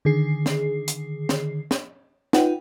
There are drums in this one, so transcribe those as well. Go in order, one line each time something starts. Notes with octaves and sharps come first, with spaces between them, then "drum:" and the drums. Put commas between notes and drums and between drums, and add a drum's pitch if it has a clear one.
D3 D#3 G#4 C7
drum: snare
drum: hi-hat
drum: snare
drum: snare
D#4 F4 B4 F#5 G5, drum: snare